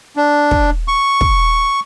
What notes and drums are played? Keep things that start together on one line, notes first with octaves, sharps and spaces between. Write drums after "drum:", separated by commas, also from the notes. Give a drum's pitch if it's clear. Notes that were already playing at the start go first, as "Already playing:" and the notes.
D4
drum: kick
C#6
drum: kick